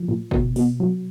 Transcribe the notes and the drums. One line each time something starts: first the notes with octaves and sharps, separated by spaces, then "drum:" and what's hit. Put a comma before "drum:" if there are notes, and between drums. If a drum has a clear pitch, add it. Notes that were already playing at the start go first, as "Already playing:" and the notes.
Already playing: F3
A#2
B2, drum: kick
B2, drum: open hi-hat
F#3